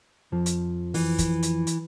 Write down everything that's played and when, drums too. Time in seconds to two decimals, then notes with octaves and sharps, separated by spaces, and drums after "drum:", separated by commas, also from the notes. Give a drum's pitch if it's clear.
0.32 F2 F3
0.46 drum: hi-hat
0.94 E3, drum: open hi-hat
1.18 drum: kick, hi-hat
1.43 drum: hi-hat
1.67 drum: hi-hat